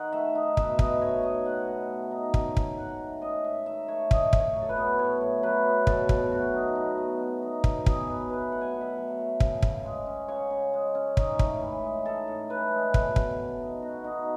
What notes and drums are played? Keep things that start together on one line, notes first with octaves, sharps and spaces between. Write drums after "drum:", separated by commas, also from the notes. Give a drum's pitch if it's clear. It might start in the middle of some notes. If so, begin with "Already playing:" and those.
Already playing: D#3 F#5
A3 E5
D#4
B2 E5, drum: kick
B2 D#5, drum: kick
A3 C#5
D#4 D#5
B2 F#5
B2
A3
D#4
C#4 G#5, drum: kick
G#2, drum: kick
D#3 F#5
A3
C#4 D#5
G#2 E5
D#3 E5
A3 C#5
A2 D#5, drum: kick
A2, drum: kick
C#5
F#3
A4
B4
B3
A2 C#5
A2
F#3 B4
B3
B2 A4, drum: kick
B2, drum: kick
A3 F#4
D#4
B2
B2
A3
D#4
B2, drum: kick
B2 G#4, drum: kick
F#3 B4
A3 B4
B2 F#5
G#5
B2 F#5
E5
F#3
A3
C#3, drum: kick
C#3, drum: kick
G#3
C#4
C#3 C#5
C#3
G#3
C#4
D#4, drum: kick
A2, drum: kick
E3
G#3
D#4 A4
A2
E3 B4
G#3
B2 A4, drum: kick
B2, drum: kick
A3
D#4
B2 F#4
B2 D#4